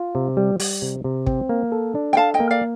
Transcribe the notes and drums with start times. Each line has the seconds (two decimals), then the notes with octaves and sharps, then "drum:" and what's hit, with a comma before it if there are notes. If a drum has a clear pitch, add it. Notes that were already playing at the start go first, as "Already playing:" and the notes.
Already playing: F4
0.15 C3
0.37 G3
0.60 G3, drum: open hi-hat
0.82 C3
1.04 C3
1.26 C4, drum: kick
1.49 A#3
1.72 A4
1.95 D4
2.13 G5
2.17 A4 F5 A5
2.34 D#5 G5
2.40 A#3
2.51 D5 F5